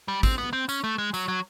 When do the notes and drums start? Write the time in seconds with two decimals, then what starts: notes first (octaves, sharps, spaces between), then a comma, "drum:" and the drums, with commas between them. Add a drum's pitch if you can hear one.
0.08 G3
0.23 C4, drum: kick, tambourine
0.38 B3
0.53 C4
0.69 C#4, drum: tambourine
0.84 A3
0.98 G#3
1.14 F#3, drum: tambourine
1.28 F#3